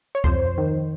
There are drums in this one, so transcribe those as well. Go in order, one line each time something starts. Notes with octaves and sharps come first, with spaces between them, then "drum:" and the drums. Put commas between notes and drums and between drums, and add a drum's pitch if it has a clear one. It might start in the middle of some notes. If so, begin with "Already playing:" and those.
C#5
F2 C5, drum: kick C#2
D#3